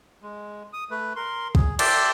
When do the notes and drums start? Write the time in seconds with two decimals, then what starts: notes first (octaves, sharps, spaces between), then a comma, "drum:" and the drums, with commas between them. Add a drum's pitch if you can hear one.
0.22 G#3
0.73 D#6
0.91 A3 B4
1.16 A#4 C6
1.55 G#4, drum: kick
1.79 D5 E5 G5 A5 C6 D6, drum: cymbal